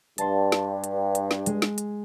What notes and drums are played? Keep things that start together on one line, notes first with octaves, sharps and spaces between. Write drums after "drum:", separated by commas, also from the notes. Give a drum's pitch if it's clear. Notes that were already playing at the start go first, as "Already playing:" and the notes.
G2 A5 C6, drum: hi-hat
drum: snare
drum: hi-hat
drum: hi-hat
drum: snare
G#3, drum: hi-hat
drum: snare
drum: hi-hat